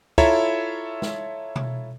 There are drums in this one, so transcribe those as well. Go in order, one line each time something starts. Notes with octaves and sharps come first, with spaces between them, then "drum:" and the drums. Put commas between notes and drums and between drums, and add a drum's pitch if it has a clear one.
E4 F4 A4 C#5 E5 A#5, drum: kick
drum: snare
drum: tom B2